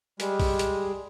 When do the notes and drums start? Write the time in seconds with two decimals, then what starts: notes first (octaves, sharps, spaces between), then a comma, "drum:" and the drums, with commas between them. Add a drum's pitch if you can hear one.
0.20 G3 G#3, drum: hi-hat
0.40 drum: kick, open hi-hat
0.59 drum: hi-hat